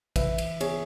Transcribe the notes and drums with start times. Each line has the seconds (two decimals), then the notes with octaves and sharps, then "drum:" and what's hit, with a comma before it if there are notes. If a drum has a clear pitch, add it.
0.16 E3 B4 E5, drum: kick, cymbal
0.38 drum: cymbal
0.61 B3 G#4 C#5, drum: cymbal